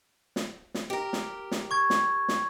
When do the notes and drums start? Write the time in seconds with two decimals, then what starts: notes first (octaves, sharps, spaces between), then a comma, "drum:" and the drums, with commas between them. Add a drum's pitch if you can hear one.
0.36 drum: snare
0.74 drum: snare
0.90 G4 A#4
1.13 drum: snare
1.51 drum: snare
1.71 C#6 G#6
1.90 drum: snare
2.28 drum: snare